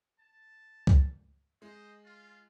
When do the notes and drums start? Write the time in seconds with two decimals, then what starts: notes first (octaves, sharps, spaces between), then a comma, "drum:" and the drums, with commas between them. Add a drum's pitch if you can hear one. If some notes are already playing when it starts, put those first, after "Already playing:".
0.20 A5
0.87 drum: kick
1.62 G#3 C5 D#5
2.04 F4